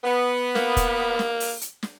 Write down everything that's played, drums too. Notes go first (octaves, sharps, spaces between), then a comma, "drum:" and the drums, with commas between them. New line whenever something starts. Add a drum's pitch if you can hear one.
B3
A#3, drum: snare
drum: kick, hi-hat
drum: snare
drum: open hi-hat
drum: hi-hat
drum: snare